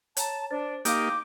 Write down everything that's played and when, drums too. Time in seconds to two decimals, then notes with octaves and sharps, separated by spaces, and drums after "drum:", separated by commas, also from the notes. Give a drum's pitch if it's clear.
0.17 C#5 A5 A#5, drum: hi-hat
0.51 D4 C5 A6
0.85 A#3 D#4 G4 F5 D6 D7, drum: hi-hat